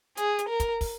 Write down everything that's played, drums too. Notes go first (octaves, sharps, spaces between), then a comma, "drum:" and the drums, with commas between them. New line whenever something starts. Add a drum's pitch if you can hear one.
G#4, drum: hi-hat
drum: hi-hat
A#4
drum: kick, hi-hat
drum: kick, open hi-hat